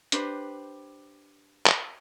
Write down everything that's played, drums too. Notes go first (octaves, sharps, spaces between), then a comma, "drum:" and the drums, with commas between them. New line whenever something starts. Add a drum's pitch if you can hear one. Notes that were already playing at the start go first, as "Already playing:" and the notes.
D4 G4 B4 C5, drum: hi-hat
drum: clap